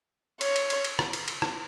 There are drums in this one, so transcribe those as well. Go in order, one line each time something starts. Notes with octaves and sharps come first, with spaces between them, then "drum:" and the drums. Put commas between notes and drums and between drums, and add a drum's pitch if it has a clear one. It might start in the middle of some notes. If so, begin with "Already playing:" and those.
C#5, drum: cymbal
drum: cymbal
drum: cymbal
drum: cymbal
drum: rim click
drum: cymbal
drum: cymbal
drum: rim click